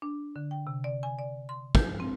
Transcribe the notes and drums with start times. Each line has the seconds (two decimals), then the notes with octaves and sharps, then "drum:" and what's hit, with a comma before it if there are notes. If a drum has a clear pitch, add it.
0.02 D4
0.36 D3
0.51 G5
0.67 C3
0.84 D5
1.03 G#5
1.18 D5
1.49 C6
1.75 G6, drum: kick
2.00 C4